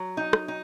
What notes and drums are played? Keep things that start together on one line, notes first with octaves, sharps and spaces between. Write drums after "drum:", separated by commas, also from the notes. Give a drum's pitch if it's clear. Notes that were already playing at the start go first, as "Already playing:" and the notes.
Already playing: F#3
D#4
drum: rim click
D#4